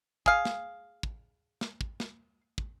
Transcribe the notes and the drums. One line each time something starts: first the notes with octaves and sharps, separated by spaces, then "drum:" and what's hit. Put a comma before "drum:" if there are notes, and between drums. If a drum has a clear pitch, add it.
G#4 F5, drum: kick
drum: snare
drum: kick
drum: snare
drum: kick
drum: snare
drum: kick